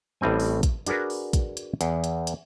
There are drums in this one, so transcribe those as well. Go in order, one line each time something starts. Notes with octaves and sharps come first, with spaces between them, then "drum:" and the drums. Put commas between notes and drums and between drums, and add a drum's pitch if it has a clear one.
A1 A2 G3 C4 G#5
drum: open hi-hat
drum: kick, hi-hat
D4 F#4 G#4 A#4 B4, drum: hi-hat
drum: open hi-hat
drum: kick, hi-hat
drum: hi-hat
E2, drum: hi-hat
drum: hi-hat
drum: hi-hat